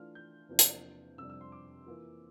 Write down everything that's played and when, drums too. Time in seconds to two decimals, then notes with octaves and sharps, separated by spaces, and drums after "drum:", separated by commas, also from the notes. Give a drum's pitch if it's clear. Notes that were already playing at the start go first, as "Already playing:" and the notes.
Already playing: E3 A3 D4 F4 F6
0.15 G6
0.49 E2 C3 F3 A#3 D4
0.59 drum: hi-hat
1.18 F2 C3 G3 D4 E6
1.29 E6
1.41 C6
1.52 D6
1.86 E3 A#3 F4